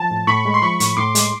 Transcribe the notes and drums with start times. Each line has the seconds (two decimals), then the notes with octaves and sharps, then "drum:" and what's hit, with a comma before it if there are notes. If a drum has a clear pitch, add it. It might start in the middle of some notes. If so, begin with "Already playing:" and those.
Already playing: F3 A5
0.11 A2
0.27 A2 B5 C#6
0.46 G#3
0.54 C6
0.62 F3 B5 C#6
0.80 A2, drum: hi-hat
0.97 A2 C6 D6
1.15 G#3, drum: hi-hat